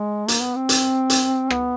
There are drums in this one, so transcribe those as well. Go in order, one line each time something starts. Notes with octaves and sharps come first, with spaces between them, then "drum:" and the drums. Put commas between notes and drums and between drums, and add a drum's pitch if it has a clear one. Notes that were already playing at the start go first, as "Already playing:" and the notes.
Already playing: G#3
A#3, drum: hi-hat
B3
C4
drum: hi-hat
drum: hi-hat
B3, drum: rim click